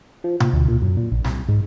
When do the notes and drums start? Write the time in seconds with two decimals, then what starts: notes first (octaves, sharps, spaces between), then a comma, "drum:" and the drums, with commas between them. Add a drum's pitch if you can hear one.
0.24 F3
0.40 A#2, drum: tom B2
0.53 D2
0.68 A#2
0.82 F#2
0.97 A#2
1.12 A#1
1.24 C2, drum: snare
1.49 G#2